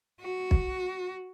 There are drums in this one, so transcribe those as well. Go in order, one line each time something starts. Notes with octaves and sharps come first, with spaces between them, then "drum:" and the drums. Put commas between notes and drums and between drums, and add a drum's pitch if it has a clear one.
F#4
drum: kick